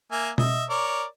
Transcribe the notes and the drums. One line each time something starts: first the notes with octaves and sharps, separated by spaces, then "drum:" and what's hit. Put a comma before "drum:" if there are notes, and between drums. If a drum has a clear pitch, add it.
A#3 E5 G#5
D#5 E5, drum: tom B2
A#4 C#5 D5